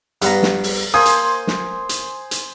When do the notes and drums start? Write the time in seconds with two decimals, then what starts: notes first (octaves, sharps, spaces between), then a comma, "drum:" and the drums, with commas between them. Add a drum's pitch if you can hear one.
0.22 G2 B3 A#5, drum: hi-hat
0.43 drum: snare
0.64 drum: open hi-hat
0.94 A#3 C5 G#5 C6 D#6
1.05 drum: hi-hat
1.47 drum: snare
1.89 drum: hi-hat
2.31 drum: hi-hat